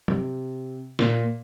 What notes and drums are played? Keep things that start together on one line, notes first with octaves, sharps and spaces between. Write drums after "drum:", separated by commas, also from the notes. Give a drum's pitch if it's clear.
C3, drum: tom
A#2, drum: snare